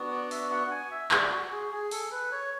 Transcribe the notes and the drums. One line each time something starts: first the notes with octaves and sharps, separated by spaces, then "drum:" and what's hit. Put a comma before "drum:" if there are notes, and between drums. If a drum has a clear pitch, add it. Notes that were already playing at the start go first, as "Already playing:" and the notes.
Already playing: B3 D4 F#4
D5
E5, drum: open hi-hat
F#5
G#5
E5
D5, drum: clap
F#4
G#4
G#4
A4, drum: open hi-hat
B4
C#5